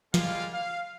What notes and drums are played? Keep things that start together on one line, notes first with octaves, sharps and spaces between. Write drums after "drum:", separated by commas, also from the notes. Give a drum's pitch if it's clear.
G3 G#3 A#3 F4 F5, drum: snare
F5